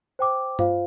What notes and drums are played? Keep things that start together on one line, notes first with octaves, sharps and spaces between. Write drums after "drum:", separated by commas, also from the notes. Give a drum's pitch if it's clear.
C5 G5 D6
F4 C5 F5, drum: tom G2